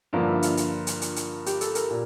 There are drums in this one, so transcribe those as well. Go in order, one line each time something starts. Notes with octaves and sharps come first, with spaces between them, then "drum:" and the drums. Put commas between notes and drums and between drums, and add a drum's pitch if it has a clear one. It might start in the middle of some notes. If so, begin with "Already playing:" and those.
G2 D3 F3 A#3 D4
E4
F4, drum: hi-hat
drum: hi-hat
drum: hi-hat
drum: hi-hat
drum: hi-hat
G4, drum: hi-hat
A4, drum: hi-hat
A#4, drum: hi-hat
A#2